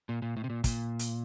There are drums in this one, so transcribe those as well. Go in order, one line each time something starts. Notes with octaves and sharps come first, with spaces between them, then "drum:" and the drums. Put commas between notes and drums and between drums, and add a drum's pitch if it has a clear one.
A#2
A#2
A2
C3
A#2
A#2, drum: kick, hi-hat
drum: hi-hat